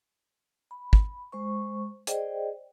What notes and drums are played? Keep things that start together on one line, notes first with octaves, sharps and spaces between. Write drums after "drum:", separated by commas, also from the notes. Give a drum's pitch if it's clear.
B5
drum: kick
G#3 C5 C#6
G#4 C5 D5 D#5 G5, drum: hi-hat